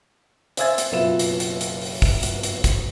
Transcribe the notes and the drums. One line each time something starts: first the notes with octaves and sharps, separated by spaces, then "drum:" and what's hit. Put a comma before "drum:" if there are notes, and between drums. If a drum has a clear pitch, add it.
C5 E5 G#5 E6 G#6 A6, drum: hi-hat
drum: hi-hat
F#1 B2 F4 B4 E5 E7
drum: hi-hat
drum: hi-hat
drum: hi-hat
drum: open hi-hat
drum: kick, open hi-hat
drum: hi-hat
drum: hi-hat
drum: kick, hi-hat